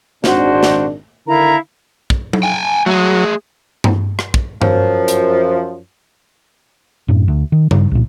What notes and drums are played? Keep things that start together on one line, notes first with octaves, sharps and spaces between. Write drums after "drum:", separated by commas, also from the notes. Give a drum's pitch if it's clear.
G#1 A#2 D4 F#4 C5, drum: snare
drum: snare
D3 D#3 E4 A#4 F5 A#5
drum: kick
drum: tom F#3
G5 G#5
F#3 A3 G#4
drum: tom G2
drum: rim click
drum: kick
F#2 F3, drum: tom G2
drum: hi-hat
F#2 A2
D2
D#3
G2, drum: tom C#3
C2 A#2